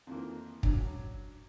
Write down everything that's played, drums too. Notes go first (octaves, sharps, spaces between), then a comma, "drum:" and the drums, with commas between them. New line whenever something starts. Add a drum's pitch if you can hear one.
F2 D#3 E3 A#3
F#3 C#4 D4, drum: kick